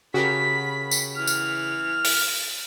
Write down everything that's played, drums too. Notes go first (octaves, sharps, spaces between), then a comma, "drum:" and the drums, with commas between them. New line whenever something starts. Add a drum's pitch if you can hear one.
C#3 F#4 G4 A#4 B5 B6
drum: tambourine
E3 F6 F7
drum: tambourine
drum: open hi-hat